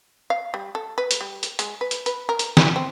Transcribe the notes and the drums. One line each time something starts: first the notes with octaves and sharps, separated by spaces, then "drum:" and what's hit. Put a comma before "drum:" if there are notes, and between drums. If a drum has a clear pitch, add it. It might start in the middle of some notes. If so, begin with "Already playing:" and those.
F5
G3
A4
B4
drum: hi-hat
G3
drum: hi-hat
G#3, drum: hi-hat
B4
drum: hi-hat
B4, drum: hi-hat
A#4
drum: hi-hat
C#3, drum: snare
C4